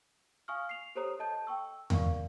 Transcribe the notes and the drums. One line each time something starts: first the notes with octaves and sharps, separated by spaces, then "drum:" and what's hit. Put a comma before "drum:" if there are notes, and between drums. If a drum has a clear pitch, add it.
F5 G#5 C#6 D#6 F6
C7 F7
G4 A4 C5 C#5 A#5 D#6
A4 D#5 A5 G6
G5 C#6 E6
A#4 D5 F5 C#6, drum: tom E2